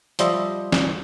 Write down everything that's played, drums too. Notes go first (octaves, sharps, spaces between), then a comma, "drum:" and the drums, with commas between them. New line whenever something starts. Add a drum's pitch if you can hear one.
F3 G3 C5 D#5 E5, drum: hi-hat
drum: snare